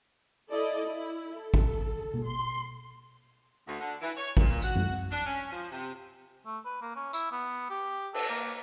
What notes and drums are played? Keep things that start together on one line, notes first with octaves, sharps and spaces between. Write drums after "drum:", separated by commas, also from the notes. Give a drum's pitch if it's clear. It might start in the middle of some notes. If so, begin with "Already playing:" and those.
E4 A4 D5 D#5
E4
A4
drum: kick
drum: tom B2
C6
D2
D3
E3
C#5
A#2, drum: kick
F#4, drum: tambourine
drum: tom F#2
D4
C#4
F3
C3
A3
B4
A#3
C#4
E4, drum: tambourine
B3
G4
A4, drum: cymbal
A#3